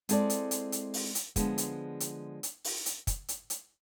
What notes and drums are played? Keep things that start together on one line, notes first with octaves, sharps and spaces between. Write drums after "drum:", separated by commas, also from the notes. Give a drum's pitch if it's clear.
G#3 C4 E4 A4 D5, drum: hi-hat
drum: hi-hat
drum: hi-hat
drum: hi-hat
drum: open hi-hat
drum: hi-hat
D3 F3 G#3 B3, drum: kick, hi-hat
drum: hi-hat
drum: hi-hat
drum: hi-hat
drum: open hi-hat
drum: hi-hat
drum: kick, hi-hat
drum: hi-hat
drum: hi-hat